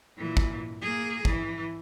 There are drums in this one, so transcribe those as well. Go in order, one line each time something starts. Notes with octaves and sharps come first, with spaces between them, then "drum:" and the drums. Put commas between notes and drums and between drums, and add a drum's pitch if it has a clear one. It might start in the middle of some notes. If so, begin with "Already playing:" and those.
A#2 E3
drum: kick
A#3 G#4
E3, drum: kick